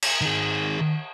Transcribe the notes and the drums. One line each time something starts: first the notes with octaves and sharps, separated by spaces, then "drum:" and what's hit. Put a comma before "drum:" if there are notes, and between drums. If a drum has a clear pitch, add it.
drum: cymbal
D#3 G#4